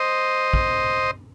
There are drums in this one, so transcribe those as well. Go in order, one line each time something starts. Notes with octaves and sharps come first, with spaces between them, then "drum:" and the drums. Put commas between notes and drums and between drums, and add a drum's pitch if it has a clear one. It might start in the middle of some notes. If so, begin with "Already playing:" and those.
Already playing: C5 D#5
drum: kick